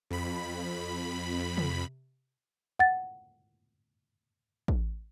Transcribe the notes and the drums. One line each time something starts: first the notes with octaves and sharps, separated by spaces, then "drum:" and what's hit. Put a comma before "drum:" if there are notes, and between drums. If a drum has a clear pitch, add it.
F2 B5
drum: tom
F#5 A6
drum: kick